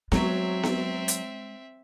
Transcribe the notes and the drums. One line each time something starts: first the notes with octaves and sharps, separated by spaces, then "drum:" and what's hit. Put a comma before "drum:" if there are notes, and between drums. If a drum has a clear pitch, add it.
F#3 G#3 C4 E5, drum: snare B3
drum: snare B3
drum: hi-hat